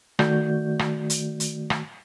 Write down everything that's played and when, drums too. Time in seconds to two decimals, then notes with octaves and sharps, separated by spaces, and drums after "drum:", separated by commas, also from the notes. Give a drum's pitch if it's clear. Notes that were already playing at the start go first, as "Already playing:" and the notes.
0.19 D#3 A3 F#4 D5 G6, drum: rim click
0.79 drum: rim click
1.10 drum: hi-hat
1.40 drum: hi-hat
1.70 drum: rim click